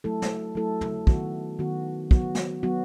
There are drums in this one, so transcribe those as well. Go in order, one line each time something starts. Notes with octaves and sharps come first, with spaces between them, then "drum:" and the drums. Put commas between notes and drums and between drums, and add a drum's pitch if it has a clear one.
F#3 A3 E4 A4
drum: snare
F#3 A3 E4 A4
drum: tom
D#3 F#3 B3 F#4, drum: kick
D#3 F#3 B3 F#4
F#3 B3 F#4, drum: kick
drum: snare
F#3 B3 F#4